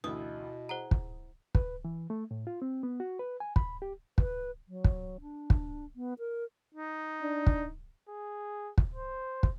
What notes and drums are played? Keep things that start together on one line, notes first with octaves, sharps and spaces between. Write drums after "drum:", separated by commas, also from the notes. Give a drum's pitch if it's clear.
A1 D2 B2 E4 D#6
G#4 C5 F#5 A#5
drum: kick
B4, drum: kick
E3
A3
A2
F4
C4
B3
F#4
B4
G#5
B5, drum: kick
G4
B4, drum: kick
F#3
drum: kick
D4
drum: kick
B3
A#4
D#4
D4
drum: kick
G#4
drum: kick
C5
drum: kick